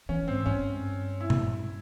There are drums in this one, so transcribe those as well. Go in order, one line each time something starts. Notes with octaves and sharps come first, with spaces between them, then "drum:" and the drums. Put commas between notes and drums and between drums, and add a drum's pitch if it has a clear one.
E3 C#4
G#2 C4
G2 C#4
E4
drum: tom A#2